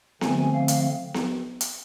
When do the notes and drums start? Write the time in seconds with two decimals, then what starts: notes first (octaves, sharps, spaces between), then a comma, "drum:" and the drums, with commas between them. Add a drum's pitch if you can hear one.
0.21 D3 F3 A3 C4 G#5, drum: snare B3
0.53 F5
0.68 drum: hi-hat
1.14 drum: snare B3
1.61 drum: hi-hat